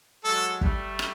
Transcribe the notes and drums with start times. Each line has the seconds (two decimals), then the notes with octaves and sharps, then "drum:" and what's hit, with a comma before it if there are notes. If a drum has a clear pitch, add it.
0.24 F#3 G#3 A4
0.61 G3 A3, drum: kick
0.99 drum: rim click